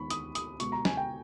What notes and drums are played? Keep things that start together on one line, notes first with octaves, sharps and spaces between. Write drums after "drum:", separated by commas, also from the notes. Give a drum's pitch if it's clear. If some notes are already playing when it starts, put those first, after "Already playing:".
Already playing: D#3 G#3 B3 B5 C#6
D#6, drum: hi-hat
D#6, drum: hi-hat
B2 G#3 B3 C#6, drum: hi-hat
A#5
G#5, drum: snare
G5